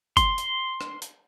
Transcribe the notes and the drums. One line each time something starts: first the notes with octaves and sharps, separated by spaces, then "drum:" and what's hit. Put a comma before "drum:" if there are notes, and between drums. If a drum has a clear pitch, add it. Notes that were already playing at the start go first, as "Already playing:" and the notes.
C6, drum: kick, hi-hat
drum: hi-hat
drum: rim click
drum: hi-hat